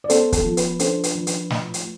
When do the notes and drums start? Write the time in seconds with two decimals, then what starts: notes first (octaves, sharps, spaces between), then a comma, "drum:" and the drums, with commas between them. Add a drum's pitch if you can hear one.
0.04 D5
0.10 B3 A4 C5, drum: hi-hat
0.32 A4, drum: kick, hi-hat
0.44 F3
0.57 B4, drum: hi-hat
0.79 D4 A4 C5, drum: hi-hat
1.04 B4, drum: hi-hat
1.15 F3
1.27 B4, drum: hi-hat
1.50 A2, drum: snare
1.74 drum: hi-hat